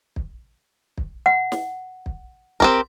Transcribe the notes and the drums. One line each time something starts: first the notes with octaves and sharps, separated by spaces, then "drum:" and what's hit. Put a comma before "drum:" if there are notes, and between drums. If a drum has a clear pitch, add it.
drum: kick
drum: kick
F#5
drum: snare
drum: kick
C4 G4 A#4, drum: kick